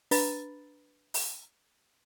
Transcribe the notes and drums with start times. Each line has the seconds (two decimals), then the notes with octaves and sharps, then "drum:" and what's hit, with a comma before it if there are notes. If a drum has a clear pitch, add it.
0.11 D4 B4 A#5 B5 A6, drum: open hi-hat
1.14 drum: open hi-hat